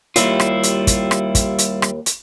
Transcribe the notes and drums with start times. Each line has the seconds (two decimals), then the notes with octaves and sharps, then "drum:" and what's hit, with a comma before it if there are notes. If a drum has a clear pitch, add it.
0.16 D#2 G3 E4 F4, drum: hi-hat
0.40 drum: rim click
0.63 drum: hi-hat
0.87 drum: kick, hi-hat
1.11 drum: rim click
1.35 drum: kick, hi-hat
1.58 drum: hi-hat
1.82 drum: rim click
2.06 drum: hi-hat